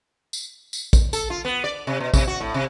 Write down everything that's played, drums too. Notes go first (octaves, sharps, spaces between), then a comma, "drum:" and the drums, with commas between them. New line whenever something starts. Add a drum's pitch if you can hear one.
drum: tambourine
drum: tambourine
drum: kick, tambourine
A4, drum: tambourine
F4
B3
D5
C3
B2
C3, drum: kick, tambourine
F#4
A2
C3